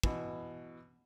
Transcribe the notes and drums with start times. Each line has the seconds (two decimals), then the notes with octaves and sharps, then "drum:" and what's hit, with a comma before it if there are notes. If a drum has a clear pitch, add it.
0.03 B2 E3, drum: kick